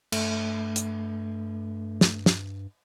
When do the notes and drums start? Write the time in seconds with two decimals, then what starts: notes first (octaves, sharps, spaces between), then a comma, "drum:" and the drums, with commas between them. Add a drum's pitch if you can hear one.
0.12 G2 A3, drum: cymbal
0.76 drum: hi-hat
2.01 drum: snare
2.26 drum: snare